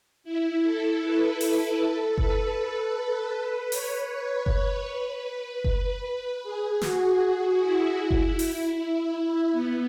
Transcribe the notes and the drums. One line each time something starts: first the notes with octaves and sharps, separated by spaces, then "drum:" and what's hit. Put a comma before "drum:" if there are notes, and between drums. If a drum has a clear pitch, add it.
E4
A4
B4
B4, drum: open hi-hat
A4
B4, drum: kick F#1
B4
C#5, drum: open hi-hat
C#5
drum: kick F#1
B4
drum: kick F#1
G#4
F#4, drum: snare
G#4
E4
drum: kick F#1
drum: open hi-hat
B3